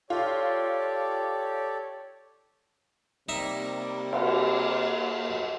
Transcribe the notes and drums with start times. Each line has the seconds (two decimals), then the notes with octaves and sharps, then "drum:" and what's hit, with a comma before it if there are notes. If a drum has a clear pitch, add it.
0.10 F4 G4 A4 C#5 D5
3.29 C3 G3 A#3 D#4 E5
4.13 drum: cymbal